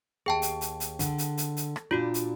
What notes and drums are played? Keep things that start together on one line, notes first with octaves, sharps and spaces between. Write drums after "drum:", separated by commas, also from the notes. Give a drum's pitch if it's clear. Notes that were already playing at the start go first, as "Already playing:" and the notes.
D#2 G#4 G5 A5
drum: hi-hat
drum: hi-hat
drum: hi-hat
D3, drum: kick, hi-hat
drum: hi-hat
drum: hi-hat
drum: hi-hat
drum: rim click
A#2 D4 F4 F#4
drum: hi-hat